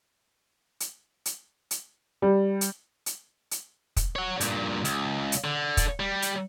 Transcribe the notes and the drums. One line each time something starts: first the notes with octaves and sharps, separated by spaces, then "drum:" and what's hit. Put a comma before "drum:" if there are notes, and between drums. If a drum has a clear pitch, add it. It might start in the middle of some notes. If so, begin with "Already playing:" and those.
drum: hi-hat
drum: hi-hat
drum: hi-hat
G3
drum: hi-hat
drum: hi-hat
drum: hi-hat
drum: kick, hi-hat
C#5 F#5
G2 A#2, drum: hi-hat
C#2, drum: hi-hat
drum: hi-hat
D3
drum: kick, hi-hat
G3
drum: hi-hat